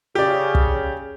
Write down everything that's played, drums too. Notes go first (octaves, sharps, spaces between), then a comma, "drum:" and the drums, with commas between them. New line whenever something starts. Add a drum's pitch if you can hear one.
C#3 G4 D5
drum: kick